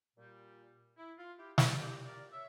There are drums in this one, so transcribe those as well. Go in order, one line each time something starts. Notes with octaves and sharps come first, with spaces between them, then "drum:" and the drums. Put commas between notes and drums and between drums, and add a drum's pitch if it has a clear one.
A#2 G3
E4
F4
E4 G4
F4 A4, drum: snare
A#2 G3 E4 G4
A#4 D5
C#5 E5